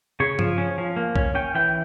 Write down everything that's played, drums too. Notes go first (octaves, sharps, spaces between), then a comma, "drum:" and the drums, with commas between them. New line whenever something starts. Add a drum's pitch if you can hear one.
C#3 C#5
F3, drum: tom G2
C#4
F3
A#3
C#4, drum: kick B1
C#4 G5
E3 G5